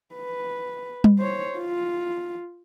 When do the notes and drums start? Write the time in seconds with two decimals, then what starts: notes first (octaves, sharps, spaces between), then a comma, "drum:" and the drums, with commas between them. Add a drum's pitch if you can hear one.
0.15 B4
1.04 drum: tom G3
1.19 C5 C#5
1.58 F4